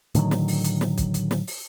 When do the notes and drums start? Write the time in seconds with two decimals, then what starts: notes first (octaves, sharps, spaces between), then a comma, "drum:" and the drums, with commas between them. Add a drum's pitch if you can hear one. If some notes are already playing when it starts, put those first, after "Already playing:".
0.15 A2 D3 D#3 F#3, drum: hi-hat
0.31 drum: snare
0.48 drum: open hi-hat
0.64 drum: hi-hat
0.81 drum: snare
0.98 drum: kick, hi-hat
1.14 drum: hi-hat
1.31 drum: snare
1.47 drum: open hi-hat